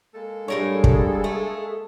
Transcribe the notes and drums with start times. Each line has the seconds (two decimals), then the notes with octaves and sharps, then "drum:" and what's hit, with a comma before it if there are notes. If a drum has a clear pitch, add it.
0.15 G#3 A#3 A4
0.48 A2 G3 D4 G#4 A#4 C#5
0.84 drum: kick
1.24 A3